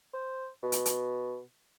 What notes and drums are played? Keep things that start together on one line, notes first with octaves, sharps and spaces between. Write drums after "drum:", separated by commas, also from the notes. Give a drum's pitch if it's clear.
C5
B2
drum: hi-hat
drum: hi-hat